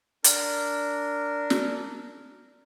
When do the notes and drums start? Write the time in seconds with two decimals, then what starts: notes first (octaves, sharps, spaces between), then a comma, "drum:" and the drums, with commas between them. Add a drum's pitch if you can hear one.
0.24 D4 A#4, drum: hi-hat
1.50 drum: snare